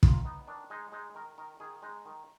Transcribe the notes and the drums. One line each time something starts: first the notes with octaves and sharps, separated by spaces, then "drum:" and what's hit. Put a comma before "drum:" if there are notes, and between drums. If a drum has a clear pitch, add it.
D#3 F4, drum: kick
B3 D#4
D#3 D4
G#3 D#4
G#3 D#4
D#3 A#4
D#3 A#4
D#3 G#4
G#3 D#4
D#3